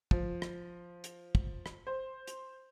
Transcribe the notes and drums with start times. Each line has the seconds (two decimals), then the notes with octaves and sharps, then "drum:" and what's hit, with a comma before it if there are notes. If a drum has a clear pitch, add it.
0.11 F3, drum: kick
0.42 drum: rim click
1.04 drum: hi-hat
1.35 drum: kick
1.66 drum: rim click
1.87 C5
2.27 drum: hi-hat